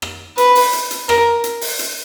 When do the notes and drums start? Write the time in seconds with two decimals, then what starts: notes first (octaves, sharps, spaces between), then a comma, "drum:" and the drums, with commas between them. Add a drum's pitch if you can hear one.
0.02 drum: rim click
0.38 B4, drum: hi-hat
0.55 drum: open hi-hat
0.73 drum: hi-hat
0.91 drum: hi-hat
1.09 A#4, drum: rim click
1.44 drum: hi-hat
1.61 drum: open hi-hat
1.79 drum: hi-hat